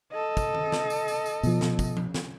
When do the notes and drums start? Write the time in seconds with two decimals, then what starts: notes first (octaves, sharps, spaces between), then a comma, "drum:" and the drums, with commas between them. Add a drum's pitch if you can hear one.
0.12 A4 D#5
0.37 drum: kick, tambourine
0.55 drum: tom D#3
0.72 drum: snare
0.90 drum: tambourine
1.08 drum: tambourine
1.26 drum: tambourine
1.43 B2 F3, drum: tambourine
1.61 drum: snare
1.79 drum: kick, tambourine
1.97 drum: tom F3
2.14 drum: snare